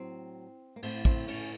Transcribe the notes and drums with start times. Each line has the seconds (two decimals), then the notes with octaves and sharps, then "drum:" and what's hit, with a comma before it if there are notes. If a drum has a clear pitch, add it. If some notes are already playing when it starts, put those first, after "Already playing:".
Already playing: A2 F#3 C4
0.76 A#3
0.83 A2 A3 C4, drum: cymbal
1.05 C4, drum: kick
1.28 C#4, drum: cymbal